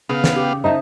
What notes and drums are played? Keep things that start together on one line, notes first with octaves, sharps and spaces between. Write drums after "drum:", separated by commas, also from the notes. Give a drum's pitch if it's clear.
C#3 B3 F5
drum: snare
G4
D#4 C5 E5 A5